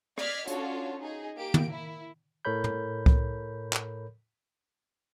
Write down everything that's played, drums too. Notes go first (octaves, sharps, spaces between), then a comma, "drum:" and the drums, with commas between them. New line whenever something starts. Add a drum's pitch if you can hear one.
D5 D#5 F6 G#6 B6 C7, drum: rim click
C#4 D4 F4 F#4 A4 C#5, drum: hi-hat
D#4 G#4
A#3 G4 A#4 D7
drum: tom
E4
A2 A4 A#4 C#5 B5 G6
drum: tom
drum: kick C2
drum: clap